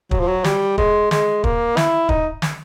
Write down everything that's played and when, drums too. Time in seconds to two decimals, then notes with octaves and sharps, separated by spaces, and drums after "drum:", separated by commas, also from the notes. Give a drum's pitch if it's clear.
0.11 F#3, drum: kick
0.19 F3
0.28 F#3
0.44 G3, drum: snare
0.78 G#3, drum: kick
1.11 G#3, drum: snare
1.44 A#3, drum: kick
1.77 E4, drum: snare
2.09 D#4, drum: kick
2.42 drum: snare